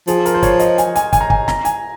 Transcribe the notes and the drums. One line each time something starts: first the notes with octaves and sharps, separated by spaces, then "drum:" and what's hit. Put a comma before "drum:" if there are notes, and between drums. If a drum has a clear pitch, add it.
F3 G#4, drum: hi-hat
A#4, drum: hi-hat
C5
C#5, drum: kick, hi-hat
D#5, drum: hi-hat
G#5, drum: hi-hat
G#5, drum: hi-hat
G#5, drum: kick, hi-hat
A#5
G#5, drum: kick
A#5, drum: snare
G#5, drum: hi-hat